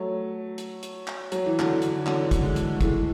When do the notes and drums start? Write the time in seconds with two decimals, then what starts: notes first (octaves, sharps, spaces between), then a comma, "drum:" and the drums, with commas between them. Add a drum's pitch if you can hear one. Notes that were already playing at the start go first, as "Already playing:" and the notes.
Already playing: F#3 A3
0.58 drum: hi-hat
0.83 drum: hi-hat
1.08 drum: clap
1.32 F#3, drum: hi-hat
1.46 E3
1.59 D3 F#3, drum: clap
1.82 drum: hi-hat
1.98 E3
2.06 D3 F#3, drum: clap
2.31 drum: kick, hi-hat
2.43 E3 G#3
2.56 drum: hi-hat
2.76 A3
2.81 E3 G#3, drum: kick, hi-hat